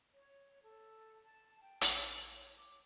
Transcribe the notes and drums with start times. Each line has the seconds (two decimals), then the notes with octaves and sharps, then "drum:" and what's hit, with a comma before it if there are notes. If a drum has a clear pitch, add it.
0.13 C#5
0.63 A4
1.24 A5
1.61 G5
1.81 G#5, drum: hi-hat
2.14 C#5
2.56 D6